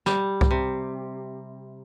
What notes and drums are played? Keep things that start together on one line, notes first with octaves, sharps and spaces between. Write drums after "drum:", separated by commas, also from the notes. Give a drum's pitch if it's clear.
G3, drum: snare
drum: kick C2
C3